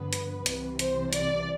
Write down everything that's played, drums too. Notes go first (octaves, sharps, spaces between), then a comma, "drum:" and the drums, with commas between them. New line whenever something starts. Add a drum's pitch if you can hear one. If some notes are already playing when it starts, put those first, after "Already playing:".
Already playing: G2 D3 F3 B3 B4
drum: hi-hat
C2 C3 E3, drum: hi-hat
C5, drum: hi-hat
D5, drum: hi-hat